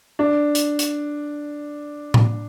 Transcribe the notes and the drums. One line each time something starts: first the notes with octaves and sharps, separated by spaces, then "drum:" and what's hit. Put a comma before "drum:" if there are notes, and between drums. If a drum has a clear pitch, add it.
D4
drum: hi-hat
drum: hi-hat
drum: tom A2